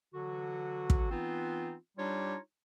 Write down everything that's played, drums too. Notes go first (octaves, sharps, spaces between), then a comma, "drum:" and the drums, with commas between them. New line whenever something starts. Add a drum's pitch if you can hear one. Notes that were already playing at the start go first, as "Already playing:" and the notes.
D3 E3 F#3 F#4
drum: kick
E3 B3 C4 D#4 F4
G3 D4 D#4 F4 G4 C#5